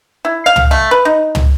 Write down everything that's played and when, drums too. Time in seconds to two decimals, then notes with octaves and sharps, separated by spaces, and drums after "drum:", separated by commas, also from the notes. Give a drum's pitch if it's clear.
0.25 E4
0.46 F5
0.56 drum: tom
0.71 A3
0.91 B4
1.05 D#4
1.35 drum: tom